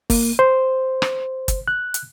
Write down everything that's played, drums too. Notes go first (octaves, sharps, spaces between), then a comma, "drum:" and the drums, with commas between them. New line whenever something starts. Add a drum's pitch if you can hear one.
A#3, drum: kick, open hi-hat
C5
drum: rim click
drum: kick, hi-hat
F#6
drum: hi-hat